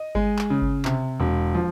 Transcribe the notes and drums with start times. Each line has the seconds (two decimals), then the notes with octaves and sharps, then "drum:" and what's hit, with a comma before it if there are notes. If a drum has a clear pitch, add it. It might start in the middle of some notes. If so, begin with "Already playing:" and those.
Already playing: D#5
0.15 G#3, drum: kick G1
0.39 drum: clap
0.50 C#3
0.62 drum: kick G1
0.85 C3, drum: clap
1.20 E1
1.54 F3